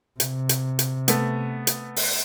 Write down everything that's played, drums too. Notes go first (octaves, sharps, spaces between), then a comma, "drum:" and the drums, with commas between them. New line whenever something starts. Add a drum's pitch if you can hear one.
C3, drum: hi-hat
drum: hi-hat
drum: hi-hat
A3 B3, drum: hi-hat
drum: hi-hat
drum: open hi-hat